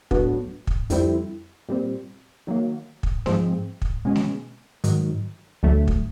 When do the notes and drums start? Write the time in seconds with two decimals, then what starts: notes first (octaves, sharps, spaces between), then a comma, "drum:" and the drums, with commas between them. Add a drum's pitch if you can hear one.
0.11 A2 F#3 B3 D4 F#4, drum: kick
0.67 drum: kick
0.90 F2 D3 G3 C4 E4, drum: hi-hat
1.69 A#2 G3 C4
2.47 D#3 F#3 A#3
3.03 drum: kick
3.26 G#2 F3 G#3 C4, drum: snare A3
3.82 drum: kick
4.05 B2 G#3 C#4
4.16 drum: snare A3
4.84 G#2 D#3 F#3, drum: hi-hat
5.63 D2 D3 F#3 A3
5.88 drum: kick